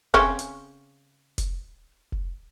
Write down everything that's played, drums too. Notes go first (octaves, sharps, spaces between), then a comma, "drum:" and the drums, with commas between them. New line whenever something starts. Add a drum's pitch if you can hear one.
C#3 C4 C#4, drum: kick F1
drum: hi-hat
drum: kick F1, hi-hat
drum: kick F1